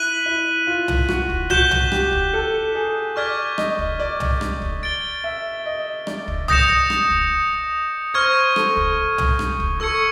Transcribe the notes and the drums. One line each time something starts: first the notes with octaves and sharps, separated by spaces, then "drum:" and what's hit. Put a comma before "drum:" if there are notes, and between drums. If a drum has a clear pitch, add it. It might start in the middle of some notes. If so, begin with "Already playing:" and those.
Already playing: E4 F#6 B6 D#7 F#7
E4
F4
drum: tom
F#4, drum: rim click
drum: kick
F#4 G6 B6 E7 G7, drum: tom
drum: tom
G4, drum: rim click
drum: kick
A4
G#4
D5 C#6 F6 G#6 B6
D#5, drum: rim click
drum: kick
D5
drum: tom
drum: rim click
drum: kick
A6 D7 G7
E5
D#5
D5, drum: rim click
drum: kick
D#6 G6 A#6 C#7 E7, drum: tom
drum: rim click
drum: kick
C5 C#6 F6 G#6
A4, drum: rim click
drum: kick
drum: tom
drum: rim click
drum: kick
A4 C#6 E6 G#6 C#7